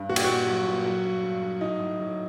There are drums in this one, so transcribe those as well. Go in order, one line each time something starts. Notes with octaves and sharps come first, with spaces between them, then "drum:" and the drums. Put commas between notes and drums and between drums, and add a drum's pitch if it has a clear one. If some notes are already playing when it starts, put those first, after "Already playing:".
Already playing: G2
A#2 F#4
G4, drum: cymbal
A#2 F#4
F#3
A#2
F#3
G2
G2
F#3
A2 D#4
A2
F#3